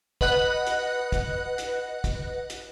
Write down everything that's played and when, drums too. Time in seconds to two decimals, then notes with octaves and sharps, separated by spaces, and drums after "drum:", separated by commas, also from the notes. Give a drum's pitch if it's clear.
0.21 B4 D#5 F#5 F#6, drum: kick
0.67 drum: hi-hat
1.12 drum: kick, hi-hat
1.58 drum: hi-hat
2.04 drum: kick, hi-hat
2.50 drum: hi-hat